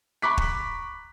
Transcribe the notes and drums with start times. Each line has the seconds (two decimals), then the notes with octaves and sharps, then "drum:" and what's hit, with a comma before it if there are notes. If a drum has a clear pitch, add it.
0.22 A#5 B5 C#6 D6 F#6 B6
0.38 drum: kick